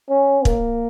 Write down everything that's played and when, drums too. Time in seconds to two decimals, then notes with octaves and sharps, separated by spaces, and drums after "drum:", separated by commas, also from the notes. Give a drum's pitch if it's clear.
0.10 C#4
0.45 A#3, drum: kick